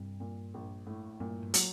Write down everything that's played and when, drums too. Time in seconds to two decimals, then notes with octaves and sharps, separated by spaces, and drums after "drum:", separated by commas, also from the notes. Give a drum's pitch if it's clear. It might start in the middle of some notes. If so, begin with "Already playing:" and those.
Already playing: C2 G2
0.20 A#2
0.54 A#1
0.87 A2
1.20 G2 A#2
1.43 G2
1.54 F#3, drum: hi-hat